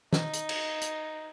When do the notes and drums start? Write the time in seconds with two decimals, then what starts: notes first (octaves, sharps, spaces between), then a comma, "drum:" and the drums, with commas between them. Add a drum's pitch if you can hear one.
0.13 D#4, drum: snare
0.33 drum: hi-hat
0.49 drum: cymbal
0.81 drum: hi-hat